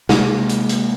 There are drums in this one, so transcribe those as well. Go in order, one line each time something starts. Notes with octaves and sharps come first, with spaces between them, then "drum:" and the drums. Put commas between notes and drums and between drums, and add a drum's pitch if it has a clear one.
C3 G#3 A#3, drum: snare
drum: hi-hat
drum: hi-hat